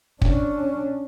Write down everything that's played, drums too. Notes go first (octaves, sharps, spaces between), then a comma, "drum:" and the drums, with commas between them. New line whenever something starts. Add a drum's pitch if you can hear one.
C#4 D4, drum: kick